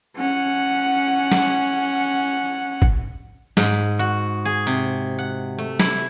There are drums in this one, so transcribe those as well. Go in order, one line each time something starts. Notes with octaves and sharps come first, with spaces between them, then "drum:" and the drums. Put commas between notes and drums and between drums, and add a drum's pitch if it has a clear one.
C#4 F#5
drum: snare
drum: kick G1
G#2, drum: snare
F#4
G#4
C3
F#5
A3
E4, drum: snare